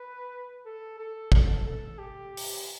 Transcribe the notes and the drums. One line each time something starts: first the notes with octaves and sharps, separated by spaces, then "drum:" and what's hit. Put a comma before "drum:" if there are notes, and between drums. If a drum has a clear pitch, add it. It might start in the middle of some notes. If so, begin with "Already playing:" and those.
Already playing: B4
A4
A4
A4, drum: kick
A4
G4
drum: open hi-hat